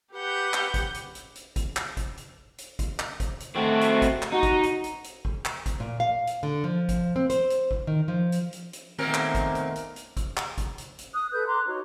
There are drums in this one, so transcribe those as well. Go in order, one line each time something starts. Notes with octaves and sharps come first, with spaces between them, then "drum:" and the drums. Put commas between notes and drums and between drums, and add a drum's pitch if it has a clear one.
G4 B4 F#5 G6
drum: clap
drum: kick, hi-hat
drum: hi-hat
drum: hi-hat
drum: hi-hat
drum: kick, hi-hat
drum: clap
drum: kick, hi-hat
drum: hi-hat
drum: hi-hat
drum: kick, hi-hat
drum: clap
drum: kick, hi-hat
drum: hi-hat
A3 C4 F#4
drum: hi-hat
drum: kick, hi-hat
drum: clap
D#4 F#4
drum: kick, hi-hat
drum: hi-hat
drum: hi-hat
drum: hi-hat
drum: kick
drum: clap
drum: kick, hi-hat
A#2
F5
drum: hi-hat
D3
F3
drum: kick, hi-hat
C4
C5, drum: hi-hat
drum: hi-hat
drum: kick
D#3
F3
drum: hi-hat
drum: hi-hat
drum: hi-hat
A#2 D#3 A3 B3 C4 A#4
drum: clap
drum: kick, hi-hat
drum: hi-hat
drum: hi-hat
drum: hi-hat
drum: kick, hi-hat
drum: clap
drum: kick, hi-hat
drum: hi-hat
drum: hi-hat
D#6 F#6
A4 B4 F#6 G6
A#5 C6 D6 F#6
D#4 F#4 C#5